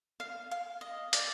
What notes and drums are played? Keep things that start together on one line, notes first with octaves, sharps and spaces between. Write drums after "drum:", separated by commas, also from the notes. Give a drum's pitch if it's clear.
F5
F5
D#5
D5, drum: hi-hat